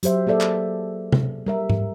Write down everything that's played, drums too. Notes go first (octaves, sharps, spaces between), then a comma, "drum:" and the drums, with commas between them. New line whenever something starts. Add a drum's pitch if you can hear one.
F#3 G4 C5 E5, drum: hi-hat
A#3 G#4 A4 D5 E5
drum: clap
drum: tom C3
G3 A#4 E5
drum: tom G#2